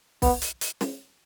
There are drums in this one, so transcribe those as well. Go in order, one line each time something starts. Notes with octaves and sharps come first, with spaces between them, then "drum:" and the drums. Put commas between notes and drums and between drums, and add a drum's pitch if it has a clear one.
B3, drum: kick B1, open hi-hat
drum: hi-hat
drum: hi-hat
drum: snare